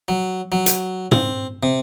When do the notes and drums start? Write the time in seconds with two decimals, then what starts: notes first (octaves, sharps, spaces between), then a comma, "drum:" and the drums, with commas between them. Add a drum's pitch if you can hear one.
0.08 F#3
0.52 F#3
0.66 drum: hi-hat
1.12 C4, drum: tom
1.63 C3